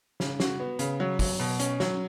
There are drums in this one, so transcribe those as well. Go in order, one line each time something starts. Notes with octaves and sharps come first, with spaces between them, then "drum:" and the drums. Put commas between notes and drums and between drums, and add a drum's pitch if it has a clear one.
C#3, drum: snare
F#4, drum: snare
B3
C#3, drum: hi-hat
F#3
F#3, drum: kick, open hi-hat
B2
C#4, drum: hi-hat
F#3, drum: snare